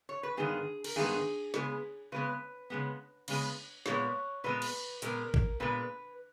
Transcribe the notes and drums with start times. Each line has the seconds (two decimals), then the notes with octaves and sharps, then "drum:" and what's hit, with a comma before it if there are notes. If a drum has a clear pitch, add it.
0.09 C#5
0.23 B4
0.37 G2 D#3 G#3 B3 G#4
0.84 A#4, drum: cymbal
0.96 G2 D#3 G#3 B3 G#4
1.54 C#3 G#3 B3, drum: snare
2.12 C#3 G#3 B3 B4
2.70 C#3 G#3 B3
3.28 C#3 G#3 B3, drum: cymbal
3.86 A#2 G#3 B3 C#5, drum: snare
4.44 A#2 G#3 B3 B4
4.62 drum: cymbal
5.02 A#2 G#3 B3 A#4, drum: hi-hat
5.34 drum: kick A1
5.60 A#2 G#3 B3 B4